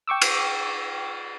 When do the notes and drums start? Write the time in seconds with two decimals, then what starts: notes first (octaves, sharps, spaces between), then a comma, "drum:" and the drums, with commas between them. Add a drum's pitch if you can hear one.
0.08 G5 C#6 D6 E6
0.22 drum: cymbal